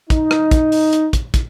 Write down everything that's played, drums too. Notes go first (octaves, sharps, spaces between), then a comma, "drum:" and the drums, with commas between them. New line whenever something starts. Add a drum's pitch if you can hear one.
D#4, drum: kick, hi-hat
drum: rim click
drum: kick, hi-hat
drum: open hi-hat
drum: hi-hat
drum: kick, hi-hat
drum: kick, hi-hat